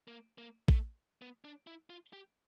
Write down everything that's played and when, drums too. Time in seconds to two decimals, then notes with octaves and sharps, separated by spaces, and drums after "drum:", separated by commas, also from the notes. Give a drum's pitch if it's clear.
0.08 A#3
0.38 A#3
0.68 A3, drum: kick A#1
1.22 B3
1.44 D4
1.67 E4
1.90 F4
2.13 G4